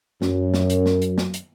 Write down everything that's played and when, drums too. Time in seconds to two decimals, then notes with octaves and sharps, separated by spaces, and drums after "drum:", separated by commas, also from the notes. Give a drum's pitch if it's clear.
0.22 F#2, drum: snare
0.54 drum: snare
0.70 drum: hi-hat
0.86 drum: snare
1.02 drum: hi-hat
1.18 drum: snare
1.34 drum: hi-hat